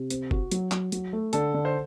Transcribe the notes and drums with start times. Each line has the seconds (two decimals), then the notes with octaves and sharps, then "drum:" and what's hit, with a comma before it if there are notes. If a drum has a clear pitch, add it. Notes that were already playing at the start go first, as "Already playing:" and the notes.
Already playing: C3
0.10 C4, drum: hi-hat
0.31 F#4, drum: kick
0.51 F#3, drum: hi-hat
0.71 F#3, drum: clap
0.92 F#3, drum: hi-hat
1.13 A3
1.33 D3 A4, drum: hi-hat
1.54 D3
1.65 C5